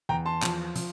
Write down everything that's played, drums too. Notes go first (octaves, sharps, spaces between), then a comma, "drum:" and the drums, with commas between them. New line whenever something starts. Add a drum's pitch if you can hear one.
E2 G5 A#5
A5 C6
F3, drum: clap
F3, drum: hi-hat